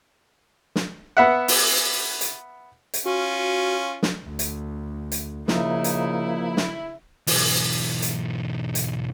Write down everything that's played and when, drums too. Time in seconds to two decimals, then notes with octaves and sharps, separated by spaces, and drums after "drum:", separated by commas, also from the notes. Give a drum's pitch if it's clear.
0.76 drum: snare
1.17 B3 E5 F#5
1.48 drum: open hi-hat
2.21 drum: hi-hat
2.94 drum: hi-hat
3.06 C#4 F4 F#4
4.03 drum: snare
4.24 D2
4.39 drum: hi-hat
5.12 drum: hi-hat
5.48 C#3 F3 A#3 D#4 E4, drum: snare
5.84 drum: hi-hat
6.57 drum: snare
7.27 B1 E3, drum: open hi-hat
8.02 drum: hi-hat
8.75 drum: hi-hat